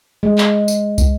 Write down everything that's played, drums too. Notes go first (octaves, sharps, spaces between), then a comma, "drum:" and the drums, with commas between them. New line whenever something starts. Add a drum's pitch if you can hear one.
G#3
drum: clap
drum: tambourine
drum: kick, tambourine